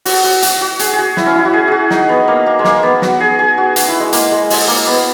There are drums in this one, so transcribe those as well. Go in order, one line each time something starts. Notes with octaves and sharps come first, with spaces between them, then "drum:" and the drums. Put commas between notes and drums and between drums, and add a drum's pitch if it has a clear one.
F#4, drum: open hi-hat
F#4
F#4, drum: hi-hat
F#4
G#4, drum: hi-hat
G#4
F#4
E4, drum: snare
C#4
E4
F#4
G#4
F#4 G#4
D#4, drum: snare
B3
A#3
A#3
G#3
A#3, drum: snare
B3
F#4, drum: snare
G#4
G#4
F#4
F#4, drum: hi-hat
E4
G#3
A#3, drum: hi-hat
G#3
G#3, drum: open hi-hat
A#3
B3